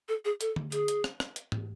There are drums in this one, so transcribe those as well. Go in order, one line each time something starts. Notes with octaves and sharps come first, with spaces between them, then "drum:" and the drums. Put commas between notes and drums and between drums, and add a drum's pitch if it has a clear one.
A4
G#4
A4, drum: hi-hat
drum: tom D3
G#4, drum: hi-hat
drum: hi-hat
drum: rim click
drum: rim click
drum: hi-hat
drum: tom G#2